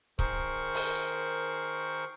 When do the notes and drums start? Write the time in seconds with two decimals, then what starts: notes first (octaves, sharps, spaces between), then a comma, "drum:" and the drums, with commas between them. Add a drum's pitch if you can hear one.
0.19 D#3 G#4 A#4 C5 C#6, drum: kick C#1
0.75 drum: open hi-hat